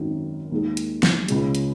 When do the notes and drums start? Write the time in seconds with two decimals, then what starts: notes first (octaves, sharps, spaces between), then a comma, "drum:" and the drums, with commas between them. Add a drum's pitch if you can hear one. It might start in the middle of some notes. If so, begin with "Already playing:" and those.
Already playing: G#1 F#2 D#3
0.51 D#2 D#3 G#3 D#4 G#4
0.77 drum: hi-hat
1.03 drum: snare
1.29 C#2 C#3 G#3, drum: hi-hat
1.55 drum: hi-hat